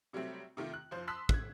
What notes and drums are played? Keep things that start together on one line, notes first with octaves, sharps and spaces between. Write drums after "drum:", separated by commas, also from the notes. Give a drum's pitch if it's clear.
C3 F#3 G3 A3 C4
C3 D#3 A3 F4
F#6
F#1 F3 C5
A5 C6 D#6 E6 F#6 B6
F#6 G#6, drum: kick